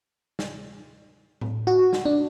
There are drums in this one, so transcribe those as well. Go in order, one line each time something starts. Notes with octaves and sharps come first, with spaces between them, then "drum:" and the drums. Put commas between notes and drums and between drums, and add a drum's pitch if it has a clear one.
drum: snare
drum: tom A2
F#4
drum: snare
D4